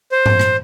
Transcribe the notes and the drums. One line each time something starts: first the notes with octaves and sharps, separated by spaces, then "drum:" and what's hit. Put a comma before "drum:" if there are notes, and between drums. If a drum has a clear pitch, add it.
C5
drum: tom G2
drum: rim click